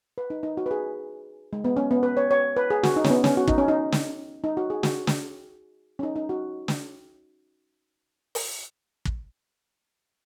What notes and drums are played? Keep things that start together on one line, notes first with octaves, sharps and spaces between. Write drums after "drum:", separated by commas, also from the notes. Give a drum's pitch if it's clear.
B4
D#4
D#4
F#4
B4
G#4
G#3
B3
C#4
B3
B4
C#5
C#5
B4
G#4
F#4, drum: snare
D#4
C#4, drum: snare
B3
C#4, drum: snare
F#4
D#4, drum: kick
C#4
D#4
drum: snare
D#4
F#4
G#4
F#4, drum: snare
drum: snare
C#4
D#4
D#4
F#4
drum: snare
drum: open hi-hat
drum: kick